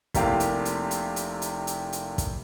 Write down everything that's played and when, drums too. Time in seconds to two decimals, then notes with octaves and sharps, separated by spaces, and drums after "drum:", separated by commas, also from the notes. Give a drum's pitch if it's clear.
0.14 F1 C3 A#3 E4 G4 F5, drum: kick, hi-hat
0.40 drum: hi-hat
0.65 drum: hi-hat
0.91 drum: hi-hat
1.16 drum: hi-hat
1.42 drum: hi-hat
1.67 drum: hi-hat
1.93 drum: hi-hat
2.18 drum: kick, hi-hat